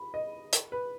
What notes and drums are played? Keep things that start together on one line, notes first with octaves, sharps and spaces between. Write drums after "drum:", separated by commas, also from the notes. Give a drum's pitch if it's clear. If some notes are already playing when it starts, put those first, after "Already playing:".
Already playing: B5
D#5
drum: hi-hat
B4